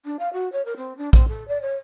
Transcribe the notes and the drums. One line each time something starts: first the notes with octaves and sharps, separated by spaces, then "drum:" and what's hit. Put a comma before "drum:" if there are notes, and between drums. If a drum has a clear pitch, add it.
D4
F5
F#4
C#5
A#4
C4
D4
C4, drum: kick A#1
A4
D5
C#5